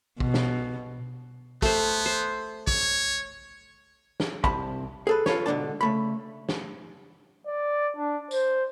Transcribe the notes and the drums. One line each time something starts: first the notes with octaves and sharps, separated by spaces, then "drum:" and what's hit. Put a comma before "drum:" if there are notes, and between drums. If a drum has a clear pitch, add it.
B2, drum: kick
drum: snare
A3 B3 C5, drum: kick
C5
C#5, drum: kick
drum: snare
C2 C3 A5 B5, drum: kick
G#4 A4 B4
F4 A4 B4 C#5, drum: snare
G#2 B2 D3 F#3 D4 A5
C#3 A3 B5
drum: snare
D5
D4
C5, drum: tambourine